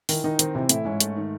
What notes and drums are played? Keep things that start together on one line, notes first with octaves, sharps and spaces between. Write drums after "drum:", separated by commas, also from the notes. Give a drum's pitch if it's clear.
D#3 E3, drum: open hi-hat
D#3 D#4
D#3 C4, drum: hi-hat
C3 E3
A2 E4, drum: hi-hat
G#2 C#4
A3, drum: hi-hat
D#3